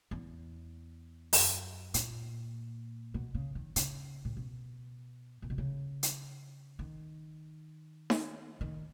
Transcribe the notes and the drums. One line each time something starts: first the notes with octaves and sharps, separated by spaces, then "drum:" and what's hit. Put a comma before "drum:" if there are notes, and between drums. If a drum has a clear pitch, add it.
E2
F#2, drum: open hi-hat
A#2, drum: hi-hat
B2
C#3
D#3
C#3, drum: hi-hat
A#2
B2
A#2
B2
C#3
drum: hi-hat
D#3
drum: snare D#4
D#3